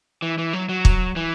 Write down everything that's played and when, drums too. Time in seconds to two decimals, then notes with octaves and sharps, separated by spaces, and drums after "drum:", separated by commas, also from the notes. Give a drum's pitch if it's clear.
0.22 E3
0.38 E3
0.53 F#3
0.69 F#3
0.85 drum: kick
1.16 E3